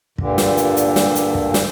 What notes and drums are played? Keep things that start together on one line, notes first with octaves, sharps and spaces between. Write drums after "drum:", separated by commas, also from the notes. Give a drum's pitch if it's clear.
G2 A#2 D3, drum: kick
drum: snare
drum: hi-hat
drum: hi-hat
drum: snare
drum: hi-hat
drum: kick
drum: snare